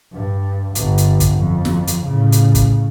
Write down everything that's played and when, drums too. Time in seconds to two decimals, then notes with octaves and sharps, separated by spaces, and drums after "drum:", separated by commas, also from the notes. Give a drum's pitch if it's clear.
0.13 G2
0.75 G1 G2, drum: hi-hat
0.98 drum: hi-hat
1.20 drum: kick, hi-hat
1.38 F2
1.65 drum: snare
1.87 drum: hi-hat
2.04 A2 C#3
2.32 drum: hi-hat
2.55 drum: kick, hi-hat